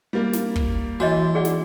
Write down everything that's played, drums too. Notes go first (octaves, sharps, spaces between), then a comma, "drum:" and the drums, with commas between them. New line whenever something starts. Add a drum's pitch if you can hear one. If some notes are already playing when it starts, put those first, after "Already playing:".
G3 A#3
drum: snare
drum: kick
E3 F#4 C#5 D#5
G#4 D5 F#5
drum: snare